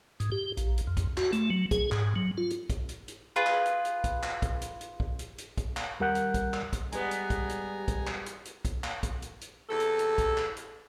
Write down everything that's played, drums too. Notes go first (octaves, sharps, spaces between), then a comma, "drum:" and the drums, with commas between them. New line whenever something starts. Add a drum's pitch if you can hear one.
G#2, drum: hi-hat
G4
A#1, drum: hi-hat
drum: hi-hat
F2
drum: kick, hi-hat
F#4, drum: clap
A3, drum: hi-hat
F#3
G#4, drum: kick, hi-hat
G#2, drum: clap
F#3
F4
drum: hi-hat
drum: kick, hi-hat
drum: hi-hat
drum: hi-hat
F4 G#4 B4
drum: clap
drum: hi-hat
drum: hi-hat
drum: kick, hi-hat
drum: clap
drum: kick, hi-hat
drum: hi-hat
drum: hi-hat
drum: kick
drum: hi-hat
drum: hi-hat
drum: kick, hi-hat
drum: clap
D#2 G3 A#4 F#5 F#6 G6
drum: hi-hat
drum: kick, hi-hat
drum: clap
drum: kick, hi-hat
G3 G#3 B3 G#5 A#5, drum: hi-hat
drum: hi-hat
drum: kick, hi-hat
drum: hi-hat
drum: kick, hi-hat
drum: clap
drum: hi-hat
drum: hi-hat
drum: kick, hi-hat
drum: clap
drum: kick, hi-hat
drum: hi-hat
drum: hi-hat
E2 C3 A4
drum: hi-hat
drum: hi-hat
drum: kick, hi-hat
drum: clap
drum: hi-hat